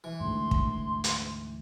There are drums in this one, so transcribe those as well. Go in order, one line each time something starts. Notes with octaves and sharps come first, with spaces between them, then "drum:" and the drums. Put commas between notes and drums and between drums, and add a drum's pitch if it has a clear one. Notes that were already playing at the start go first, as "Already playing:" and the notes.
E3
D2 G#2 C6
drum: kick
drum: hi-hat